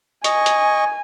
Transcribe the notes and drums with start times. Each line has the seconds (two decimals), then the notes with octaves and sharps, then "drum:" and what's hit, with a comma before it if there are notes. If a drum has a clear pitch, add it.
0.24 D#5 G#5 C#6, drum: hi-hat
0.46 drum: hi-hat